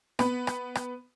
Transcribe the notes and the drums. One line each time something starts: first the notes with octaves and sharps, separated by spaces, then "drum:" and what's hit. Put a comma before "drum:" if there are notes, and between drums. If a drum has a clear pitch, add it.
B3 B5, drum: rim click
drum: rim click
drum: rim click